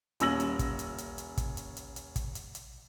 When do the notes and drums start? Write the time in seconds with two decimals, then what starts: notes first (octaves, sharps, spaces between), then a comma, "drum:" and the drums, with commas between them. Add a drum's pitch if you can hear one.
0.20 D#1 C#4 E6 A#6 F#7, drum: hi-hat
0.40 drum: hi-hat
0.59 drum: kick, hi-hat
0.79 drum: hi-hat
0.98 drum: hi-hat
1.18 drum: hi-hat
1.37 drum: kick, hi-hat
1.57 drum: hi-hat
1.77 drum: hi-hat
1.96 drum: hi-hat
2.16 drum: kick, hi-hat
2.35 drum: hi-hat
2.55 drum: hi-hat